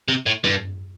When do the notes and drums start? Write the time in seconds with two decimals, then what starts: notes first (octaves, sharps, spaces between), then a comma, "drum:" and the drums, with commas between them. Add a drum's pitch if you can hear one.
0.08 C3
0.26 A2
0.44 G2, drum: tom